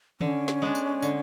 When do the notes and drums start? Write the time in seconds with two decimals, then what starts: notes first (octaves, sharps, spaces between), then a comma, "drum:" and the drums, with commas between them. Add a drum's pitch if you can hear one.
0.21 D3 C#4, drum: tom D#3
0.48 drum: snare
0.62 G#3 B3 D4
0.75 drum: tambourine
1.02 D3, drum: tambourine